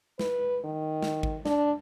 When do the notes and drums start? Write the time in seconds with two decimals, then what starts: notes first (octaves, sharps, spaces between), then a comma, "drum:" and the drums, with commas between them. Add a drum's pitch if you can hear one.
0.19 B4, drum: snare
0.64 D#3
1.03 drum: snare
1.23 drum: kick G#1
1.45 D4, drum: snare